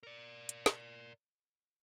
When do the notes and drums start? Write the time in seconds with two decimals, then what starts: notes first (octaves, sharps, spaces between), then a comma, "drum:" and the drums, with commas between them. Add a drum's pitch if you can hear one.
0.03 A#4 D5
0.49 drum: hi-hat
0.66 drum: snare